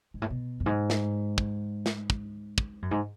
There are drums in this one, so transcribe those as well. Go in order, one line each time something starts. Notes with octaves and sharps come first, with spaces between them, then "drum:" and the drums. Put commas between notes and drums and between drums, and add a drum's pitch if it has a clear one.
G#2
A2
B2
F#2
G#2
drum: snare
drum: kick
drum: snare
drum: kick
drum: kick
F#2
G#2